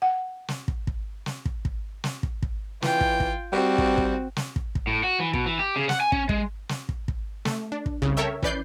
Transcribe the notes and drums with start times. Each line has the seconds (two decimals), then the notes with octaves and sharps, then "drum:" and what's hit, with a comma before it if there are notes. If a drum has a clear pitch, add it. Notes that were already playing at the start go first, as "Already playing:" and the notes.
0.02 F#5
0.48 drum: snare
0.68 drum: kick
0.87 drum: kick
1.26 drum: snare
1.45 drum: kick
1.65 drum: kick
2.04 drum: snare
2.23 drum: kick
2.42 drum: kick
2.82 E3 F4 G5, drum: snare
3.01 drum: kick
3.20 drum: kick
3.52 G3 C4 F#4
3.78 drum: kick
3.98 drum: kick
4.37 drum: snare
4.56 drum: kick
4.75 drum: kick
4.87 A2
5.03 F#4
5.20 E3
5.34 B2, drum: kick
5.46 E3
5.59 G4
5.76 C#3
5.89 F#5, drum: snare
6.00 G#5
6.12 C#4, drum: kick
6.29 G#3, drum: kick
6.69 drum: snare
6.89 drum: kick
7.08 drum: kick
7.45 A3, drum: snare
7.72 D4
7.86 drum: kick
8.02 C2 C#3
8.17 A4 A#4 C#5 E5 G5
8.43 E3 C#4 B4 D5 G6 C7, drum: kick